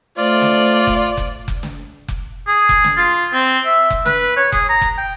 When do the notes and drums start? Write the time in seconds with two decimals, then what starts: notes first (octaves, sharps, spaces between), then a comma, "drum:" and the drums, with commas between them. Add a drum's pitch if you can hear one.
0.18 A3 F4 C5 D5
0.42 drum: snare
0.87 drum: kick F1
1.17 drum: kick F1
1.48 drum: kick F1
1.63 drum: snare
2.08 drum: kick F1
2.47 G#4
2.69 drum: kick F1
2.84 drum: snare
2.97 F4
3.33 C4
3.65 E5
3.90 drum: kick F1
4.06 B4, drum: snare
4.37 C#5
4.52 G#4, drum: kick F1
4.69 A#5
4.81 drum: kick F1
4.98 G5